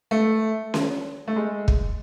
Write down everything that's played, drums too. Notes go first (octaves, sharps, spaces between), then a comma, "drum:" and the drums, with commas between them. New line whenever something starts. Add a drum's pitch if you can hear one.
A3
drum: snare C#4
A3
G#3
drum: kick